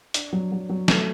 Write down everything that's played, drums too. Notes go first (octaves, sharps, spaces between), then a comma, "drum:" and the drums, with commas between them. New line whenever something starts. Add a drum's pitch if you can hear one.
D4, drum: hi-hat
F#3
F#3
F#3
A3, drum: snare